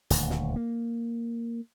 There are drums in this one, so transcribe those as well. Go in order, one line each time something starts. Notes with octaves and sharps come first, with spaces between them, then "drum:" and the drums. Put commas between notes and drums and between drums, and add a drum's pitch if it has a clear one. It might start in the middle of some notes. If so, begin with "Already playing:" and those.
D#1 D2, drum: hi-hat
drum: snare
A#3